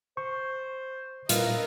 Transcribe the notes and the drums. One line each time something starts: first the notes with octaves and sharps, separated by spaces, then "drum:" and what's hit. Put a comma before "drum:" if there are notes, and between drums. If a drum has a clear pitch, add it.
C5 C#6
A#2 G3 E4 F4 A#4 B4 D#5, drum: hi-hat